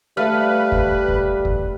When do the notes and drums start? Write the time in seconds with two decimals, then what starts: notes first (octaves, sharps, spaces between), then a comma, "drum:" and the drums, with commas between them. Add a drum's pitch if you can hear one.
0.17 G3 A3 B4 F5
0.72 drum: kick
1.08 drum: kick
1.45 drum: kick